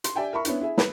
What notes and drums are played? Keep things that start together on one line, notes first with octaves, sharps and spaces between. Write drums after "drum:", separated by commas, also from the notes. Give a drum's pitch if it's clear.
C6, drum: hi-hat
G4 D5 E5 G5 G#5
A#4 E5 B5 C#6
B3 C#4 D4 E4, drum: hi-hat
E4 G#4 E5
B4 B5, drum: snare